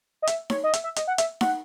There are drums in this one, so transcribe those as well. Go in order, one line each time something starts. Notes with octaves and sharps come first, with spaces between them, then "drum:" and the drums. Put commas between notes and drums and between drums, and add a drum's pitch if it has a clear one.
D#5
E5, drum: hi-hat
C#5, drum: snare D#4
D#5
E5, drum: hi-hat
E5
D#5, drum: hi-hat
F#5
E5, drum: hi-hat
F#5, drum: snare D#4